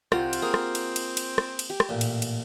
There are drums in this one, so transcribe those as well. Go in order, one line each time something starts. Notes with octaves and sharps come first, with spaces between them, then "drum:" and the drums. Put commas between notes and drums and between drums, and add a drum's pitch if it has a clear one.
C2 C4 F4 G4 F#5 A#5, drum: rim click
drum: cymbal
A#3 G#4
drum: rim click
drum: cymbal
drum: cymbal
drum: cymbal
drum: rim click
drum: cymbal
G4
drum: rim click
A1 A#2
drum: cymbal
drum: cymbal